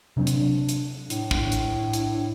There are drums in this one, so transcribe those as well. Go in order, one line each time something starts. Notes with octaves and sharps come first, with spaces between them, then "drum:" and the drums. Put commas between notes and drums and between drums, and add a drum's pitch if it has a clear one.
C3 F#3 C4 D4
drum: hi-hat
drum: hi-hat
A2, drum: hi-hat
drum: kick
drum: hi-hat
drum: hi-hat